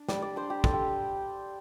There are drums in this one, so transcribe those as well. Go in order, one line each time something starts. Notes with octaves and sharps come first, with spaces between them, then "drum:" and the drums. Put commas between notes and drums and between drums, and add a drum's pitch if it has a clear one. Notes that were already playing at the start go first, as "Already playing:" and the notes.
Already playing: D4
G3 D5, drum: snare
D5
D4 C5
G4
G3 A4, drum: kick
G4